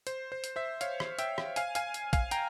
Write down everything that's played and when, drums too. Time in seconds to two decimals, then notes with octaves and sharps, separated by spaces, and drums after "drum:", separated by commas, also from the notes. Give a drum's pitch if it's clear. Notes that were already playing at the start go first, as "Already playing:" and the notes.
0.07 C5, drum: hi-hat
0.32 C5
0.44 drum: hi-hat
0.56 C5 E5
0.81 C#5 F5, drum: hi-hat
1.00 drum: rim click
1.19 E5 G5, drum: hi-hat
1.38 drum: rim click
1.56 F5 G#5, drum: hi-hat
1.75 F5 G#5, drum: hi-hat
1.94 drum: hi-hat
2.13 F5 G#5, drum: kick, hi-hat
2.31 G5 A#5, drum: hi-hat